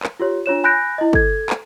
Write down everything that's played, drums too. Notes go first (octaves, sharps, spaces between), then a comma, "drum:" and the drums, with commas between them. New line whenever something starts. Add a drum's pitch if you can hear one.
drum: clap
F4 G4 C#5
D4 F4 C#5 E7
G#5 B5 F#6 G6 A#6 D7
E4 D#5
A4 G#6, drum: kick
drum: clap